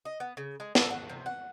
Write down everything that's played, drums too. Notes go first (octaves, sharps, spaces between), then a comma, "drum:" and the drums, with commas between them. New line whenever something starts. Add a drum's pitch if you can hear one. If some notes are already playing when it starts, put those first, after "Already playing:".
D#5
B3
C#3
G#3
A4, drum: snare
F#5
C3
F#5